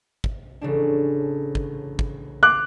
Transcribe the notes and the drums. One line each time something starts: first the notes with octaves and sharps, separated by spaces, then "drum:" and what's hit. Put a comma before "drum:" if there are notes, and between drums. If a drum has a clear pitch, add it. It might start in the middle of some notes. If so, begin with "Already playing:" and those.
drum: kick
A1 C#3 D4
drum: kick
drum: kick
F5 D6 F#6